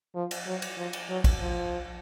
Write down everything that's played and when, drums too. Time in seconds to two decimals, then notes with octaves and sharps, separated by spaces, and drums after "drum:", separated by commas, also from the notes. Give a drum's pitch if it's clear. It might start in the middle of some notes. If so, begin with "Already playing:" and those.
0.15 F3
0.31 drum: cymbal
0.47 F#3
0.62 drum: cymbal
0.77 F3
0.93 drum: cymbal
1.09 F#3
1.24 drum: kick, cymbal
1.40 F3